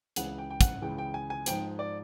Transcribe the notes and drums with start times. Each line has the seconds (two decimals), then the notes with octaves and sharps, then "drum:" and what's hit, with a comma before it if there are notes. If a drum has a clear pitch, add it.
0.16 C#2 C#3 E3 F#5, drum: hi-hat
0.38 G5
0.51 G5
0.61 F#5, drum: kick, hi-hat
0.82 C#2 C#3 E3 G5
0.98 G5
1.14 G#5
1.30 G#5
1.46 G#2 F3 G5, drum: hi-hat
1.79 D5